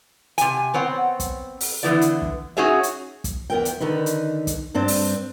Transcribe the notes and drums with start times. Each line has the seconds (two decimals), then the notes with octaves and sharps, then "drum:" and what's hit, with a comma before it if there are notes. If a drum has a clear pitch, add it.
0.38 C3 G#5, drum: hi-hat
0.74 B3 C4 C#5 F#5
1.20 drum: kick, hi-hat
1.61 drum: open hi-hat
1.83 D3 E3 B3 E4 D5
2.01 drum: hi-hat
2.22 drum: kick
2.57 C#4 D#4 F#4 G#4 C#5 E5
2.83 drum: hi-hat
3.24 drum: kick, hi-hat
3.50 E2 B3 A#4 G5
3.65 drum: hi-hat
3.80 D3 D#3 D#4 B4
4.06 drum: hi-hat
4.47 drum: kick, hi-hat
4.74 G2 C4 D4 C5
4.88 drum: open hi-hat